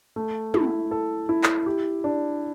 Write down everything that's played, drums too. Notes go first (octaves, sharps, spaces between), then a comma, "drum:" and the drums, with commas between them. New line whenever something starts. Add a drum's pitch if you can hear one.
A3
E4, drum: tom
A4
E4
drum: clap
G4
D4